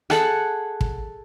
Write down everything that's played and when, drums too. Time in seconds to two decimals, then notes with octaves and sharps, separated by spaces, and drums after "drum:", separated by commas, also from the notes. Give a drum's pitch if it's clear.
0.10 G#4 A4 F#5, drum: rim click
0.81 drum: kick